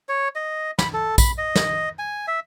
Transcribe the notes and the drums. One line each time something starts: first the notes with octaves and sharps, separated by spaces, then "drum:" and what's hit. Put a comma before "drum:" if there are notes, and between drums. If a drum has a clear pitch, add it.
C#5
D#5
B5, drum: snare
A4
B5, drum: kick A#1, tambourine
D#5
drum: snare
G#5
E5